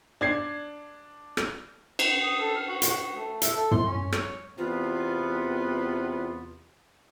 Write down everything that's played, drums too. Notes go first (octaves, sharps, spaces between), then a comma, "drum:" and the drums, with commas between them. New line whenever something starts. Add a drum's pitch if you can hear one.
D4 G#6 C7
drum: rim click
drum: cymbal
D#6
A4
F6
F#4
F#4, drum: hi-hat
A3
E5, drum: hi-hat
A4
C6, drum: tom
C#4
C#5, drum: rim click
E2 C3 B3 F4